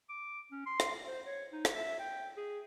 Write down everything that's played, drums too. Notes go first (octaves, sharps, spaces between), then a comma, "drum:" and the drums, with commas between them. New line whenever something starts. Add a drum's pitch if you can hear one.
D6
C#4
C6
drum: rim click
C5
C#5
D#4
drum: rim click
E5
G5
G#4